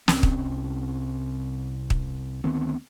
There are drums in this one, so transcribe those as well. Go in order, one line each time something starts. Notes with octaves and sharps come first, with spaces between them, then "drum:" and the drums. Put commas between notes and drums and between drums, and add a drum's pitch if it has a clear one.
C2 C3 C4 C#4, drum: snare
drum: kick
drum: kick
D2 D#3 B3 C4